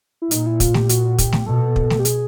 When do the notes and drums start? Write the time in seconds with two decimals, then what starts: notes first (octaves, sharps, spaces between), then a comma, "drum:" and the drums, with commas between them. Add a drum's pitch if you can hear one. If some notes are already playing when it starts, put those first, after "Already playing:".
0.22 E4
0.31 A#2 D#4, drum: hi-hat
0.46 E4
0.60 F4, drum: kick, hi-hat
0.74 G4, drum: snare
0.89 F#4, drum: hi-hat
1.18 G4, drum: kick, hi-hat
1.33 drum: snare
1.46 B2 A4
1.76 drum: kick
1.90 drum: snare
1.99 G4
2.05 G#4, drum: hi-hat